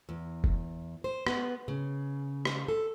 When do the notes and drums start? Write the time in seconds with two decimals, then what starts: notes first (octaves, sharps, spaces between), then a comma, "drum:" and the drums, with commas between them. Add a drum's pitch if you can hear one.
0.09 E2
0.44 drum: kick
1.04 C5
1.27 B3, drum: rim click
1.68 C#3
2.45 drum: rim click
2.68 A4